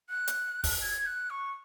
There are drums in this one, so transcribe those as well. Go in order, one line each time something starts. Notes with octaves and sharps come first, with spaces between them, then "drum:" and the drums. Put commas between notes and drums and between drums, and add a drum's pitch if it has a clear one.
F#6
drum: hi-hat
drum: kick, open hi-hat
G#6
F#6
C#6